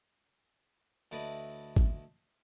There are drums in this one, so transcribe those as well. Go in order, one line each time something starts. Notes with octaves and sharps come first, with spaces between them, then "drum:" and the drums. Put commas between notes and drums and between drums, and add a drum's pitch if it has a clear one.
D2 A3 E4 B4 D5 D#5
drum: kick G#1